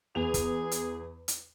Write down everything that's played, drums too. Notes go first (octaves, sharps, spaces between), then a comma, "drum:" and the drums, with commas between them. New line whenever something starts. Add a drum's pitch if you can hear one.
E2 G#4 F7
drum: kick, hi-hat
drum: hi-hat
drum: hi-hat